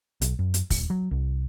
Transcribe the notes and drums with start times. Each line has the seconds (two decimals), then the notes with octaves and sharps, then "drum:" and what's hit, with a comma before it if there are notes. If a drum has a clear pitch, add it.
0.21 B1, drum: hi-hat
0.39 F#2
0.54 drum: hi-hat
0.70 D#1, drum: kick, open hi-hat
0.90 F#3
1.11 C2